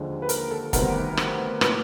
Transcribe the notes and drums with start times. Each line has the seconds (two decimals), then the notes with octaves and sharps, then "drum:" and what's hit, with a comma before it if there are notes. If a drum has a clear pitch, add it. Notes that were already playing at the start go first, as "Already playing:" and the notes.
Already playing: D#2 D3 F3 G#3
0.22 B4
0.29 A#4, drum: hi-hat
0.51 A4
0.73 D2 C3 D#3 G3 B3 A#4, drum: kick, hi-hat
1.17 drum: rim click
1.61 A2 F#3 A#3 B4, drum: rim click